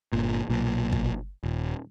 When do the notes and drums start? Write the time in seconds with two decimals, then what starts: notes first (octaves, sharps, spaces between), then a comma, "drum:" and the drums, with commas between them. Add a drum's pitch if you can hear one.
0.13 G1 A#2
0.50 B1 A#2
0.92 drum: kick
1.44 D#1